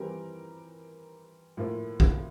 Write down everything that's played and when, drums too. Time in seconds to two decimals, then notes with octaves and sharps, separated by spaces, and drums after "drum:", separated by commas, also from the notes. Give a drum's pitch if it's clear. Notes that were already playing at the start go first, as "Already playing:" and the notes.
Already playing: E3 G3 C4 G4 A#4
1.57 A2 F3 A#3 F4
2.00 drum: kick